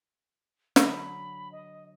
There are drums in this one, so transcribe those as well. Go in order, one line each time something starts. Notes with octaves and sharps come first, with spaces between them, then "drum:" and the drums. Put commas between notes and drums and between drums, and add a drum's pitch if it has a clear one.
D3 F#3 B5, drum: snare
D#5